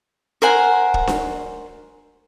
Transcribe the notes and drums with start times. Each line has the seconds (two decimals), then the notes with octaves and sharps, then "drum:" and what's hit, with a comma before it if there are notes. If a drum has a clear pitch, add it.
0.42 A#4 C5 F#5 G#5
0.94 drum: kick
1.07 drum: snare D4